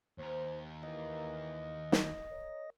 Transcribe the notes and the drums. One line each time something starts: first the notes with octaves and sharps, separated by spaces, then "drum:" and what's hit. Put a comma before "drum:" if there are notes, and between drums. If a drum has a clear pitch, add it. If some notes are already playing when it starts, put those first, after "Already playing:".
D#2 A#4 C5
E3 A#3 D#5
drum: snare
A#4 C#5